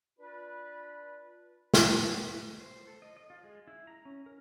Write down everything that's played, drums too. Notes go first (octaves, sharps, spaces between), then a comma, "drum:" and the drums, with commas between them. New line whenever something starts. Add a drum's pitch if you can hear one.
D4 F4 B4
drum: snare
C5
A4
D#5
D#5
F4
G#3
E4
A#5
C#4
A#4